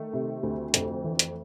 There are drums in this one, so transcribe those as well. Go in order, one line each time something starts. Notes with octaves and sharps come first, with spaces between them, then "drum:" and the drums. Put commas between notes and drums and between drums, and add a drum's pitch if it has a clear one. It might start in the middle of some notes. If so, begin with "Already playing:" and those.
Already playing: D#3 A3
C3
D2
F2 A3, drum: hi-hat
E3
drum: hi-hat